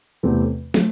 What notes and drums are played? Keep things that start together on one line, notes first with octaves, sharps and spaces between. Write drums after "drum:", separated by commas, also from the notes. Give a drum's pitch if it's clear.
E2 C3 E3 A3 C4
A3 C4, drum: snare